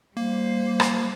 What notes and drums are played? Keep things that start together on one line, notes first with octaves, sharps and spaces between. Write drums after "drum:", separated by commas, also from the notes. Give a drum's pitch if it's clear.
G3 A#3 C5
drum: rim click